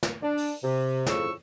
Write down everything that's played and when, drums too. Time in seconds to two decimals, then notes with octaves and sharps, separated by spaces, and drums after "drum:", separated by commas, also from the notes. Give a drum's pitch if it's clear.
0.03 drum: snare
0.23 D4
0.37 drum: open hi-hat
0.64 C3
1.06 F2 A2 C#3 C#6 E6, drum: snare